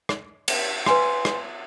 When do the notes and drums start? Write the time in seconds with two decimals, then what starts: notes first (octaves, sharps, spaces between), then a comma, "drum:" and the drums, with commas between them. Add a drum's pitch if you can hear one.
0.09 drum: rim click
0.48 drum: cymbal
0.86 B4 G#5 C6, drum: rim click
1.25 drum: rim click